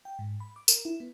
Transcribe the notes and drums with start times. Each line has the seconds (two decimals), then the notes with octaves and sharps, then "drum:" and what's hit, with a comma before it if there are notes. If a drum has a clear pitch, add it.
0.05 G5
0.19 G#2
0.40 B5
0.56 D6
0.68 A#4, drum: tambourine
0.85 E4
1.00 B3